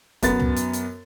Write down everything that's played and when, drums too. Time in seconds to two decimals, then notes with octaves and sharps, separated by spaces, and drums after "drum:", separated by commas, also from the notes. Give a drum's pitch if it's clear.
0.23 F#2 B3 A6, drum: kick, hi-hat
0.39 drum: tom C#2
0.56 drum: hi-hat
0.73 drum: hi-hat